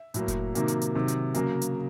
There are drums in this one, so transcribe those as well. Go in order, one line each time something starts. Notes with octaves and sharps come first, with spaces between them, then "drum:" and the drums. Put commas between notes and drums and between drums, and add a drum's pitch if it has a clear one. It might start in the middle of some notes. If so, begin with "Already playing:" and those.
Already playing: E5
A2 F#3 A#3, drum: hi-hat
drum: kick F1, hi-hat
C3 D#3 F#3 A#3, drum: hi-hat
drum: hi-hat
drum: hi-hat
C3 D#3 F#3
drum: hi-hat
C#3 F#3 A#3, drum: hi-hat
drum: hi-hat